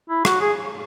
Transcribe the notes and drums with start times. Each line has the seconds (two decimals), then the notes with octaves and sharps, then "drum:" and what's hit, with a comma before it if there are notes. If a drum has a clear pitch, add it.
0.10 E4
0.25 F#4, drum: rim click
0.41 G#4